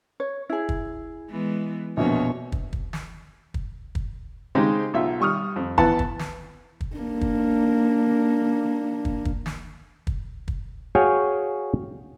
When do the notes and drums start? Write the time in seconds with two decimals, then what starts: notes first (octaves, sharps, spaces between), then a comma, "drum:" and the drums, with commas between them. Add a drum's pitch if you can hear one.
0.20 C#5
0.50 E4 G#4
0.69 drum: kick
1.30 E3 G#3 B3
1.97 A#1 F2 B2 A#3 C#5
2.52 drum: kick
2.73 drum: kick
2.93 drum: snare
3.54 drum: kick
3.95 drum: kick
4.55 C#3 G#3 C4 D#4 G4 C5
4.94 B1 F4 E5
5.20 G3 C#6 D#6 F6
5.56 F2
5.78 E3 B3 F#5 A5, drum: kick
5.99 drum: kick
6.19 drum: snare
6.81 drum: kick
6.97 A#3 D4
7.21 drum: kick
9.05 drum: kick
9.25 drum: kick
9.46 drum: snare
10.07 drum: kick
10.48 drum: kick
10.95 F#4 G#4 C#5 F5 G5 G#5